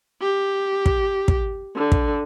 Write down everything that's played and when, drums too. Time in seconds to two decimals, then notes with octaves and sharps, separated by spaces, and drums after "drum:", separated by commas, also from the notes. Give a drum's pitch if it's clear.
0.22 G4
0.86 drum: kick
1.28 drum: kick
1.76 D3
1.92 drum: kick